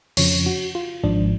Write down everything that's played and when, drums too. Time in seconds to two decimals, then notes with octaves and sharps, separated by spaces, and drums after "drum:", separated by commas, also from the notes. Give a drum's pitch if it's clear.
0.17 F2 C#3 F3 C#5, drum: cymbal
0.46 F#4
0.75 F4
1.03 G#1 G#2 F3 D4